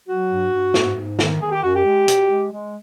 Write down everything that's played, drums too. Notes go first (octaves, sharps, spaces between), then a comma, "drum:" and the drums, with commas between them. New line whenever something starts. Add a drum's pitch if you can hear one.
F#3 F#4
G2
G2
G#2, drum: snare
G#2
D#3, drum: snare
D#3 G#4
G4
F#2 F#4
G4
G#3
B2, drum: hi-hat
G#3
G#3